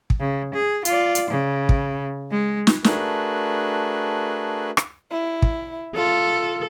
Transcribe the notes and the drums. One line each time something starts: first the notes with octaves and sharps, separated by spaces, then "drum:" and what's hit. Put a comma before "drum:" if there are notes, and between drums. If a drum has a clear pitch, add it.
drum: kick
C#3
G#4
F4 D5, drum: hi-hat
drum: hi-hat
C#3
drum: kick
G#3
drum: snare
A3 D4 F#4 G#4 A#4 B4, drum: snare
drum: rim click
E4
drum: kick
F4 A4